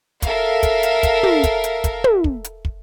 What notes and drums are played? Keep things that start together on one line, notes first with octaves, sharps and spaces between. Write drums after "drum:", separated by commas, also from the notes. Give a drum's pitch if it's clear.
A4 A#4 E5 F5, drum: kick, hi-hat
drum: kick, hi-hat
drum: hi-hat
drum: kick, hi-hat
drum: tom
drum: kick, hi-hat
drum: hi-hat
drum: kick, hi-hat
drum: tom
drum: kick
drum: hi-hat
drum: kick